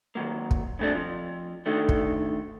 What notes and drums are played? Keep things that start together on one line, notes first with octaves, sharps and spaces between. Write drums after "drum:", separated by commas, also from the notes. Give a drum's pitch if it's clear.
D#3 F3 F#3 A#3
drum: kick
C#3 G3 A3 C4 D4
F2 F3
D3 D#3 A3 D4
drum: kick